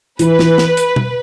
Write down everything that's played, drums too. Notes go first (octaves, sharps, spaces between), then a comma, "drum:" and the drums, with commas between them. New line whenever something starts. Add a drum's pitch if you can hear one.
E3 B4, drum: hi-hat
E3, drum: snare
drum: snare
drum: hi-hat
drum: tom B2